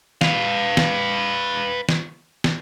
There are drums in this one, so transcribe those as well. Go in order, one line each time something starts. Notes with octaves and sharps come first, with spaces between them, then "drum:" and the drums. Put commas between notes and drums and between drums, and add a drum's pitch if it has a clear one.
B4 F5, drum: snare
drum: snare
drum: snare
drum: snare